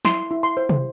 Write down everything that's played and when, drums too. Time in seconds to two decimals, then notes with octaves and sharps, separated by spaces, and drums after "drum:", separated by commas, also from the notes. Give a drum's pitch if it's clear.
0.05 E4 C6, drum: snare
0.31 E4
0.43 C6
0.57 C5
0.69 drum: tom